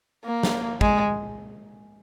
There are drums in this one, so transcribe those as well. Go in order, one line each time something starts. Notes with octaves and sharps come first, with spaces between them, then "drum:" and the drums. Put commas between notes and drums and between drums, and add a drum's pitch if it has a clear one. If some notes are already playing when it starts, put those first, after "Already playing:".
A#3
drum: snare
G#3, drum: kick